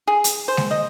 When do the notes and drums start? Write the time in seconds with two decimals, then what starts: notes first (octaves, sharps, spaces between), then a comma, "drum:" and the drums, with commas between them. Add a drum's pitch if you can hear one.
0.07 G#4
0.24 drum: hi-hat
0.48 C5
0.57 drum: snare G#3
0.71 D#5